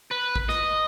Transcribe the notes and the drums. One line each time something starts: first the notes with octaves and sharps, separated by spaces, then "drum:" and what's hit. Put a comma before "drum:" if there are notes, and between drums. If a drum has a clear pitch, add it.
B4
drum: kick
D#5, drum: snare